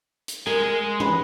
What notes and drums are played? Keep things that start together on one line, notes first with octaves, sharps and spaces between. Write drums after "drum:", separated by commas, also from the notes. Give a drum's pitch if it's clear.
drum: hi-hat
G#3 A#4 G#5
B4, drum: tom E3